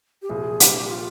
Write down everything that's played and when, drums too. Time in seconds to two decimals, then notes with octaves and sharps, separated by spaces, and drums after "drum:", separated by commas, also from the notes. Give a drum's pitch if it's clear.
0.22 G4
0.29 C2 A#2 F3 G#4
0.60 G4, drum: hi-hat
0.90 F4